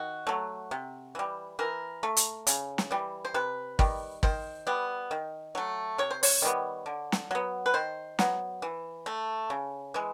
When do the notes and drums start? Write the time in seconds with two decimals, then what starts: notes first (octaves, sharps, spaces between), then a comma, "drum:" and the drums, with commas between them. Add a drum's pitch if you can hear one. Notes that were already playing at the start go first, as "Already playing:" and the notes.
Already playing: D#3 F#4
0.27 F#3 A3
0.71 C3
1.15 E3 G3
1.59 E3 A#4
2.03 A3
2.17 drum: hi-hat
2.47 C#3, drum: hi-hat
2.78 drum: snare
2.91 E3 G3
3.25 C5
3.34 C3 B4
3.79 D#3 G3, drum: kick G#1
4.23 D#3 C5, drum: kick G#1
4.67 G3 B3
5.11 D#3
5.55 F#3 A3
5.98 C3 C#5
6.11 C5
6.23 C#5, drum: open hi-hat
6.42 D#3 G3 B3
6.86 D3
7.12 drum: snare
7.31 F#3 B3
7.66 B4
7.74 D#3 C5
8.19 F#3 B3, drum: snare
8.62 E3
9.06 A3
9.50 C#3
9.94 E3 G#3